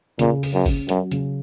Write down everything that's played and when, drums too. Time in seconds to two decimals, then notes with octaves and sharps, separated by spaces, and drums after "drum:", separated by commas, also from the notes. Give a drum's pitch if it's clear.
0.19 A#2 C#3, drum: hi-hat
0.43 G#4, drum: open hi-hat
0.54 F#2
0.66 C#4, drum: kick G1, open hi-hat
0.89 F#2 F#3, drum: hi-hat
1.11 C#3, drum: hi-hat